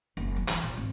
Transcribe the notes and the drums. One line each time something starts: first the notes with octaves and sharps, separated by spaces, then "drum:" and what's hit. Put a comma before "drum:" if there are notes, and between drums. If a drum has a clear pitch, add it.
F#1
F#3
E3, drum: clap
A#2
G#1